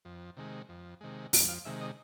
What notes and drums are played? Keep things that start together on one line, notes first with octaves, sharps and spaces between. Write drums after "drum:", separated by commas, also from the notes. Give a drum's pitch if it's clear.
F2
C3 D#3 G#3
F2
C3 D#3 G#3
F2 F#5, drum: open hi-hat
F5
C3 D#3 G#3 E5
D#5